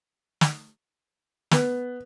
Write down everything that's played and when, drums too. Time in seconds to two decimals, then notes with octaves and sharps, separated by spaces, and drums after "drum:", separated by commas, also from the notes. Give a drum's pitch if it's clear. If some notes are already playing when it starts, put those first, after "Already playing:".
0.41 drum: snare
1.51 B3, drum: snare